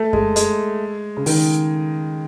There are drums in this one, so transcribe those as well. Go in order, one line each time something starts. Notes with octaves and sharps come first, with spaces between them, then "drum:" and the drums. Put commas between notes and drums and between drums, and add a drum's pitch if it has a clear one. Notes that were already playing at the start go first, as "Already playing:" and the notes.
Already playing: A3
G#3, drum: kick F#2
G#3, drum: hi-hat
C#3
D#3, drum: open hi-hat